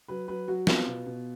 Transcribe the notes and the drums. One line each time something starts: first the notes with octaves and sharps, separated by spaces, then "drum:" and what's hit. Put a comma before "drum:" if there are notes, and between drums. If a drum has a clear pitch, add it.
F#3 B4
F#3 B4
F#3 F#4
B3 F4, drum: snare
B2
B2